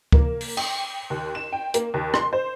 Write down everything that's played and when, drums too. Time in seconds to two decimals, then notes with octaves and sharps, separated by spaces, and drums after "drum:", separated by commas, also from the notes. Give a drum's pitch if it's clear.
0.12 A#3, drum: kick
0.41 drum: open hi-hat
0.57 G5, drum: cymbal
1.10 D#2
1.35 E7
1.53 G5
1.74 A#3, drum: hi-hat
1.94 D#2
2.14 C6, drum: rim click
2.33 C5